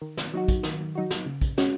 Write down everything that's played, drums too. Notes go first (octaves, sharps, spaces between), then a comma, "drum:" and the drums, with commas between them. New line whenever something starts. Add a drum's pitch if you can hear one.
D#3
drum: snare
F#3 D#4 F#4
drum: kick A#1, hi-hat
D#3, drum: snare
F#3 D#4 F#4
drum: snare
C#3
drum: kick A#1, hi-hat
G#3 C#4 F#4, drum: snare